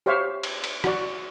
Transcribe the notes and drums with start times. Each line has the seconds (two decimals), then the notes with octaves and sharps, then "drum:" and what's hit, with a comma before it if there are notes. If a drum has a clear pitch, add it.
0.06 G4 C5 C#5 E5 F5
0.43 drum: cymbal
0.64 drum: cymbal
0.84 F#4 D5, drum: rim click